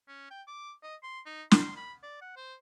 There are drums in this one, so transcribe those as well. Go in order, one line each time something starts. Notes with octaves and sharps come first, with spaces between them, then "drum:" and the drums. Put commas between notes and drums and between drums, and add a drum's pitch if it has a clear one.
C#4
G5
D6
D#5
C6
D#4
C6, drum: snare
B5
D5
F#5
C5